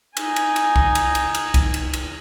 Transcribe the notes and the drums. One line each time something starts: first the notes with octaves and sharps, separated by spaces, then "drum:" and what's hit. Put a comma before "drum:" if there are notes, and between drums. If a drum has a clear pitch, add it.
D#4 G#5, drum: cymbal
drum: cymbal
drum: cymbal
drum: kick C2
drum: cymbal
drum: cymbal
drum: cymbal
drum: kick C2, cymbal
drum: cymbal
drum: cymbal